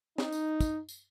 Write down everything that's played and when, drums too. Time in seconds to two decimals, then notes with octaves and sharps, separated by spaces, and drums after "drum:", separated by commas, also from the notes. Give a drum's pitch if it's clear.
0.18 D#4, drum: snare
0.32 drum: tambourine
0.61 drum: kick, tambourine
0.89 drum: tambourine